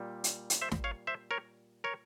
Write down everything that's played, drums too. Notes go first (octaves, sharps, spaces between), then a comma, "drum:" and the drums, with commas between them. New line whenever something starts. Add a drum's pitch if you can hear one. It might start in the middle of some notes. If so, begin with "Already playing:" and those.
Already playing: A#2 G3
drum: hi-hat
drum: hi-hat
C5 E5
drum: snare
C#5 F5
C5 E5
A#4 C#5
A#4 C#5